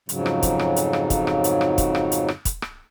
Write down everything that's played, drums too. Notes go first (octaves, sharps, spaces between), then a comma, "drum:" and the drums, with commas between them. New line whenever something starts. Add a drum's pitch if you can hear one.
F2 G#2 C#3 F#3, drum: hi-hat
drum: rim click
drum: kick, hi-hat
drum: rim click
drum: hi-hat
drum: rim click
drum: kick, hi-hat
drum: rim click
drum: hi-hat
drum: rim click
drum: kick, hi-hat
drum: rim click
drum: hi-hat
drum: rim click
drum: kick, hi-hat
drum: rim click